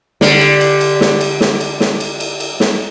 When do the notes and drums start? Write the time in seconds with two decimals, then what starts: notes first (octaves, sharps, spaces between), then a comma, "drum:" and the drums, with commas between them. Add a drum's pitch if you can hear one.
0.21 D3 G3, drum: snare
0.41 drum: cymbal
0.61 drum: cymbal
0.81 drum: cymbal
1.01 drum: snare
1.21 drum: cymbal
1.41 drum: snare
1.61 drum: cymbal
1.80 drum: snare
2.00 drum: cymbal
2.20 drum: cymbal
2.40 drum: cymbal
2.60 drum: snare